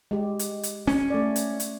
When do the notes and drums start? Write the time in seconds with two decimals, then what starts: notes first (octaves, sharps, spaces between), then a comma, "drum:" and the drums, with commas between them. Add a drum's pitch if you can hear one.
0.11 G#3 G4
0.39 drum: hi-hat
0.63 drum: hi-hat
0.87 C#4, drum: snare D4
1.10 A3 D5
1.36 drum: hi-hat
1.60 drum: hi-hat